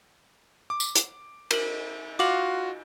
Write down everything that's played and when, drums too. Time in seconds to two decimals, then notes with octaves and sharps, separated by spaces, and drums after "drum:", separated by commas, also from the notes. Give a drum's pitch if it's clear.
0.70 D6
0.80 drum: tambourine
0.95 drum: hi-hat
1.51 A#4 F#7, drum: cymbal
2.19 F4 F#4 F5 D6 F#7